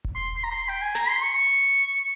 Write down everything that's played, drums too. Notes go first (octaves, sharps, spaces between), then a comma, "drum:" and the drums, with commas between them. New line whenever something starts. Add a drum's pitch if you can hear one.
drum: kick E1
C6
C6
A#5
C6
G5, drum: open hi-hat
G#5
A#5, drum: snare
C6
C#6